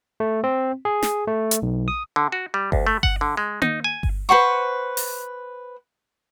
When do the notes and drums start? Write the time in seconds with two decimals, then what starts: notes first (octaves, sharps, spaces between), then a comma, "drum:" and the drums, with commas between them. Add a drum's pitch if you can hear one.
0.20 A3
0.44 C4
0.85 G#4
1.03 drum: snare
1.27 A3
1.51 drum: hi-hat
1.62 B1
1.88 D#6
2.16 D3
2.32 F#4
2.54 G3
2.72 D2, drum: kick G1
2.87 A3
3.03 F#5, drum: kick G1
3.21 D3
3.37 G#3
3.62 D#4, drum: tom A#3
3.84 G#5
4.03 drum: kick G1
4.29 B4 C5 F#5 C#6
4.97 drum: open hi-hat